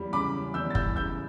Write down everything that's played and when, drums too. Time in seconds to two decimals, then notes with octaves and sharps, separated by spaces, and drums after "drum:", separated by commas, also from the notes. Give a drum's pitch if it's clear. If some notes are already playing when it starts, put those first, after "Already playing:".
Already playing: E2 G3
0.12 C#3 B5 D6
0.34 C#4
0.54 E2 E6 G6
0.70 A6
0.75 G3 E6 G6, drum: kick F#1
0.96 C#3 E6 G6